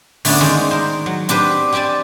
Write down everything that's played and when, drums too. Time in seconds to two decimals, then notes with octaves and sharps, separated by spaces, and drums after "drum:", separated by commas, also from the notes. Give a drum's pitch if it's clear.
0.25 D3 A3 B3 C#4 D4, drum: open hi-hat
0.41 D#3 G#3 C#4 G#4 C5 D5
0.71 A#4 C5
1.06 F#3
1.29 C4 D4 G4 B4 C5, drum: hi-hat
1.72 C4 G4 D5 G#5 A5